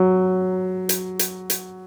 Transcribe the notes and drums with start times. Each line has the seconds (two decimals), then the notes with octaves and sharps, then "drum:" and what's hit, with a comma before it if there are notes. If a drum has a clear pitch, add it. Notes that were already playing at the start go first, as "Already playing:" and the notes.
Already playing: F#3
0.89 drum: hi-hat
1.19 drum: hi-hat
1.50 drum: hi-hat